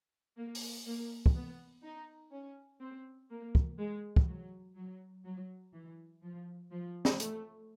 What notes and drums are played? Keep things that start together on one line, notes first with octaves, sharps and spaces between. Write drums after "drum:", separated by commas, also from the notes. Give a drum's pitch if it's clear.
A#3
drum: open hi-hat
A#3
drum: kick
B3
D#4
C#4
C4
A#3
drum: kick
G#3
drum: kick
F#3
F#3
F#3
E3
F3
F3
drum: snare
A3, drum: hi-hat